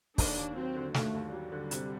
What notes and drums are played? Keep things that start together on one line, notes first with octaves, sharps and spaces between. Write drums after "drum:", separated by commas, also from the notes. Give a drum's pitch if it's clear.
D#2 D4, drum: kick, open hi-hat
D#2
F#3 C4
D3
D#2 A3, drum: snare
D#2
F#3 G3
D3
C3, drum: hi-hat